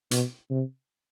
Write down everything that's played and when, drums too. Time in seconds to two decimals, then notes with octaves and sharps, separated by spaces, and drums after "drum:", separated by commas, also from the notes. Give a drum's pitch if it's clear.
0.11 B2, drum: hi-hat
0.50 C3